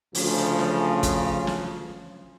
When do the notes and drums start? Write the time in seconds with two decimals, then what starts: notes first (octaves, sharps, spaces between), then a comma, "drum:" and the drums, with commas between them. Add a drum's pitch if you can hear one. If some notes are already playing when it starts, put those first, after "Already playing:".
0.15 D2 C#3 F3, drum: open hi-hat
0.59 drum: snare
1.03 drum: kick, hi-hat
1.47 drum: snare